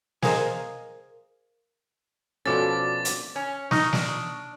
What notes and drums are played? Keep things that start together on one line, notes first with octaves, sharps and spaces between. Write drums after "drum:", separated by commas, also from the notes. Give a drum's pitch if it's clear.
G#4 A#4 C5 D#5 F5 G#5, drum: snare
B2 F3 C#4 D4 F#4 A4 D6 A6
drum: hi-hat
C#4
D#4 C#6 D#6 F6, drum: snare
D4, drum: snare